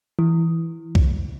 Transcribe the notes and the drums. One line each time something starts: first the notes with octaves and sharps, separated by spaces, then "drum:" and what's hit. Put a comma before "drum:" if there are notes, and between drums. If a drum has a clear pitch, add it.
E3
drum: kick C2